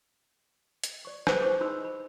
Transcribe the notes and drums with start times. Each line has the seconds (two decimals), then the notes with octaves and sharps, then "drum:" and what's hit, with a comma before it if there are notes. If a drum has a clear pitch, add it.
0.84 drum: hi-hat
1.05 D5 C#6
1.27 G#4 B4 C5 F#5 G5, drum: rim click
1.42 E4 C5 C#6 D6
1.61 D#4 G#4 D#5 B5 C6 E6
1.82 D#5 B5